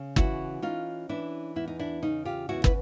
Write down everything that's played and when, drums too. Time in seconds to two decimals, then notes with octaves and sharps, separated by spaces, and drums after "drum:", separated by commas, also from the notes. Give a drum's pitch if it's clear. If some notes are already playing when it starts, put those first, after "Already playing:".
Already playing: C#3
0.16 E3 E4 F#4, drum: kick
0.62 C#4 D#4 F4
1.09 E3 D4 E4
1.56 E2 E4
1.68 D#4
1.79 D4 E4
2.02 C#3 D#4
2.25 F4 G4
2.49 E2 E4 F#4
2.64 B4, drum: kick